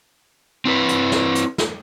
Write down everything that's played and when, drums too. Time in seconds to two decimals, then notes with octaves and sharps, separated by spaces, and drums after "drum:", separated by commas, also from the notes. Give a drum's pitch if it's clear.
0.65 C4 E4 B4
0.89 drum: hi-hat
1.12 drum: snare
1.35 drum: hi-hat
1.58 drum: snare